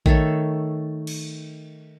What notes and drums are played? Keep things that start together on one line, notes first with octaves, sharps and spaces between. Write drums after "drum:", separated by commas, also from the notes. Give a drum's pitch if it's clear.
D#3 A3 A4 C#5, drum: kick A#1
drum: cymbal